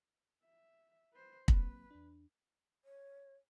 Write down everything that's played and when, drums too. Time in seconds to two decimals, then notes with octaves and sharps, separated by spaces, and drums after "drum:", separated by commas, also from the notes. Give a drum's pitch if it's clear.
0.44 E5
1.13 B4 C5
1.48 F#3 A#3 C4 B4, drum: kick
1.91 E2 D4
2.85 C#5